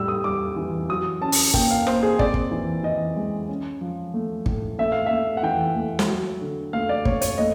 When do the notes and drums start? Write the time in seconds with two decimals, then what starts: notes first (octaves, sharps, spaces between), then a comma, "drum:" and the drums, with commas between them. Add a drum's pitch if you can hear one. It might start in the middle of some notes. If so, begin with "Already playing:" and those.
Already playing: A2 G3 E6
0.08 D#6
0.24 G3 D6
0.56 E3
0.89 F#3 D#6
1.21 C#4 A5
1.32 drum: open hi-hat
1.54 A#3 G5, drum: kick
1.71 F5
1.87 A#3 C5, drum: rim click
2.03 G#4
2.19 C4 D5, drum: kick
2.34 drum: kick
2.51 E3
2.83 E3 D#5
3.16 G#3
3.48 C#4
3.81 F3
4.14 A3
4.46 A2, drum: kick
4.78 A3 E5
4.92 F5
5.06 A3 E5
5.37 F#5
5.43 E3 G5
5.76 A3
5.99 drum: snare
6.08 F#3
6.41 D3
6.73 A3 F5
6.89 D5
7.05 A3 C#5, drum: kick
7.21 C#5, drum: hi-hat
7.38 A3 D#5